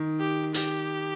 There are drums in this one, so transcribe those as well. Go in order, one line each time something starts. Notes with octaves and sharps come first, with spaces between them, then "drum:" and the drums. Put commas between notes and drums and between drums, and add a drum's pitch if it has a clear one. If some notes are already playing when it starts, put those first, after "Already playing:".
Already playing: D#3
G4
G4, drum: hi-hat